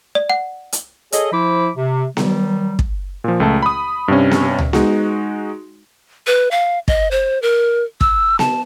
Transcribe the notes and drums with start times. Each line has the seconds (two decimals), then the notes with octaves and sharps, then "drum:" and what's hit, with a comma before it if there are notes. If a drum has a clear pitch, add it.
0.15 D5
0.30 F#5
0.72 drum: hi-hat
1.12 G#4 A4 C#5 D#5, drum: hi-hat
1.32 F3 E4 C5 B5 D6
1.77 C3
2.17 D#3 F#3 G3, drum: snare B3
2.79 drum: kick
3.24 A#2 F3
3.40 C#2 A3 A5
3.63 B5 D#6
4.08 G2 C3 C#4
4.31 drum: snare B3
4.59 drum: tom C#2
4.73 G#3 D#4 F#4, drum: snare B3
6.27 B4
6.51 F5
6.88 D#5, drum: kick
7.11 C5
7.42 A#4
8.01 E6, drum: kick
8.39 A5, drum: snare B3